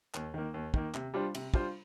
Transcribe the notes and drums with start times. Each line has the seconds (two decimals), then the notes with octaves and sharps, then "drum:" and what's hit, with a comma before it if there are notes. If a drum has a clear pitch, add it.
0.14 D#2, drum: clap
0.34 D#3 A#3
0.54 D#2
0.74 D#3 A#3, drum: kick
0.94 C3, drum: clap
1.14 G3 D4 F4 C5
1.35 C3, drum: cymbal
1.54 G3 D4 F4 C5, drum: kick